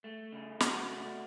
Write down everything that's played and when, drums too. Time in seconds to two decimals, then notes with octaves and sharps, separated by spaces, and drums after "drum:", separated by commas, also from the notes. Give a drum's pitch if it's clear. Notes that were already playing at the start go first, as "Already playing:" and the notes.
0.04 A3
0.32 C#3
0.60 F#4, drum: snare
0.88 A3